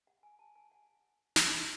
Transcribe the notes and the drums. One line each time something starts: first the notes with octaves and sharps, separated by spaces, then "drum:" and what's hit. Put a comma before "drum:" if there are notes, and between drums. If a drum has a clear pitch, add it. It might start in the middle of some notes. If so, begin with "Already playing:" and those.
F#5
G#5
A5
G#5
F#5
F#5, drum: snare